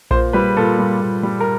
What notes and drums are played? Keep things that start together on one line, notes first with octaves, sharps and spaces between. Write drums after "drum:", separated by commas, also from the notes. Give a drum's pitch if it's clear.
A#2 C5, drum: kick A#1
G3 B4
A#2 A4
G3
A#2
G3
A#4